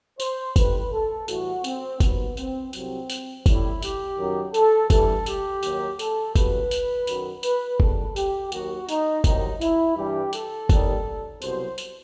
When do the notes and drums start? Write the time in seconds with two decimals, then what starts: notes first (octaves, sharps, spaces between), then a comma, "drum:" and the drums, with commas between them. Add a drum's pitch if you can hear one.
0.20 C5, drum: tambourine
0.56 A2 G3 B4, drum: kick F#1, tambourine
0.93 A4
1.28 A2 E3 G3 F#4, drum: tambourine
1.64 C4, drum: tambourine
2.00 D#2 D#3 F#3 B3, drum: kick F#1, tambourine
2.37 C4, drum: tambourine
2.73 C2 C3 F#3 C4, drum: tambourine
3.10 drum: tambourine
3.46 A2 G3 E4, drum: kick F#1, tambourine
3.82 G4, drum: tambourine
4.18 F#2 D#3 F#3
4.54 A4, drum: tambourine
4.90 G2 E3 G3 A4, drum: kick F#1, tambourine
5.26 G4, drum: tambourine
5.63 D#2 D#3 F#3, drum: tambourine
5.99 A4, drum: tambourine
6.35 C2 C3 F#3 B4, drum: kick F#1, tambourine
6.71 drum: tambourine
7.07 F#2 D#3 F#3, drum: tambourine
7.43 B4, drum: tambourine
7.80 E2 D#3 G3 A4, drum: kick F#1
8.16 G4, drum: tambourine
8.52 D#2 D#3 F#3 F#4, drum: tambourine
8.89 D#4, drum: tambourine
9.24 C2 C3 D#3 F#3 D#4, drum: kick F#1, tambourine
9.61 E4, drum: tambourine
9.97 G2 E3 G3 G4
10.33 A4, drum: tambourine
10.69 D#2 D#3 G3, drum: kick F#1, tambourine
11.42 C2 B2 F#3 C5, drum: tambourine
11.78 drum: tambourine